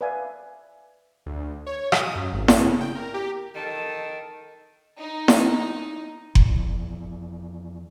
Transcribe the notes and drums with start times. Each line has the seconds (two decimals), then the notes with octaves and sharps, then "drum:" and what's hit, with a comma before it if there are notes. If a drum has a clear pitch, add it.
0.01 B4 D5 E5 F5 G#5
1.26 D2
1.67 C#5
1.92 D#6, drum: rim click
2.15 F#2
2.33 G#1
2.48 drum: snare E4
2.59 C#3
2.81 G5
2.95 A#4
3.14 G4
3.55 D#3 A4 A5
4.98 D#4
5.28 drum: snare E4
6.35 F2 E3, drum: kick F#1